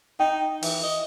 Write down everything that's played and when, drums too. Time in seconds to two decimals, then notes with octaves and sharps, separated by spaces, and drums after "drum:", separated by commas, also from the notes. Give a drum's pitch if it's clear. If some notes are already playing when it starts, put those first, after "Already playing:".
0.20 D#4 G5
0.63 E3, drum: open hi-hat
0.83 D#5